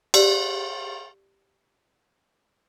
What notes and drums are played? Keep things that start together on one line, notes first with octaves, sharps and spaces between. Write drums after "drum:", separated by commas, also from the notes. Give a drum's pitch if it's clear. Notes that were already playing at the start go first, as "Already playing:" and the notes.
G4 D5, drum: cymbal